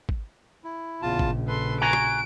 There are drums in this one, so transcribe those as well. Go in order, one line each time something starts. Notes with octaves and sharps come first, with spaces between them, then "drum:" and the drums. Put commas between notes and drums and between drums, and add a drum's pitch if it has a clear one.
drum: kick G#1
E4
A#1 E2 C#3 F4 A5
drum: kick G#1
A4 B4 C6
F#4 G#5 A#5 D7
drum: rim click